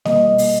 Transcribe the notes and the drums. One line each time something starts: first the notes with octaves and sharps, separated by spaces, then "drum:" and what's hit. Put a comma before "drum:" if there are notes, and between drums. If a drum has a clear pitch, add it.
B2 G3 A#3 D#5, drum: snare A#3
drum: open hi-hat